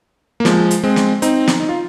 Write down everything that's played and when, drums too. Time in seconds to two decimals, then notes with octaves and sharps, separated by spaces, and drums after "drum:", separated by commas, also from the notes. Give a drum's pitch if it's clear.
0.40 A#3
0.45 F3 G#3, drum: snare
0.71 drum: hi-hat
0.83 G#3 C4
0.96 drum: snare
1.22 C4 D#4, drum: hi-hat
1.47 drum: snare
1.60 D#4
1.69 F4